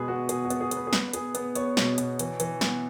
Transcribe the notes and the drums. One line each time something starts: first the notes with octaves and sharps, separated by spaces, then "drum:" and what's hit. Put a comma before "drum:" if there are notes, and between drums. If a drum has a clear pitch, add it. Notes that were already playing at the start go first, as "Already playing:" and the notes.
Already playing: B2 G#3 G#4 B4
B3 F#4
B2 G#4, drum: hi-hat
F#4
B3, drum: hi-hat
G#4
B3, drum: hi-hat
B4
G#4
B3 B4, drum: snare
B3 G#4, drum: hi-hat
B3 B4, drum: hi-hat
B3 C#5, drum: hi-hat
B2, drum: snare
B2, drum: hi-hat
E3, drum: hi-hat
E3, drum: hi-hat
B3, drum: snare